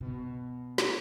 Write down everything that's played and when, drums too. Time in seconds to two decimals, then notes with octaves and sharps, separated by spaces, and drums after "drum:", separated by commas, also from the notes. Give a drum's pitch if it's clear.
0.01 B2
0.78 drum: snare